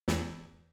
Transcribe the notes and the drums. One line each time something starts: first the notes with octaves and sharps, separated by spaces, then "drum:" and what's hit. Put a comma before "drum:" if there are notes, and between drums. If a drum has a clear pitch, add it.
E2, drum: snare